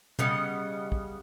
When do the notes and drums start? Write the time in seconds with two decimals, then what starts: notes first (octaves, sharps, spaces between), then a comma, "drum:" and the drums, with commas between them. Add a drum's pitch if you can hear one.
0.19 C#3 G3 B3 D#5, drum: tom B2
0.92 drum: kick